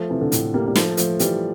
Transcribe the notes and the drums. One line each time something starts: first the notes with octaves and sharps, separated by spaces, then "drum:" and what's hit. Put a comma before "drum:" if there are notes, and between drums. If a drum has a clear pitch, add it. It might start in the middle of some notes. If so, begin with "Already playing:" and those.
Already playing: F3 A3
C3 E3
D3
A2 C3, drum: hi-hat
G3 A#3
G3
F3 A3, drum: snare
F3 A3, drum: hi-hat
E3 G3, drum: hi-hat